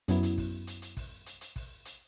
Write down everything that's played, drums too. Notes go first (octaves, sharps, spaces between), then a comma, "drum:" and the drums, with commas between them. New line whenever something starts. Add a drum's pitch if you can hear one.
F#2 F#3 B3 E4, drum: hi-hat
drum: hi-hat
drum: kick, open hi-hat
drum: hi-hat
drum: hi-hat
drum: kick, open hi-hat
drum: hi-hat
drum: hi-hat
drum: kick, open hi-hat
drum: hi-hat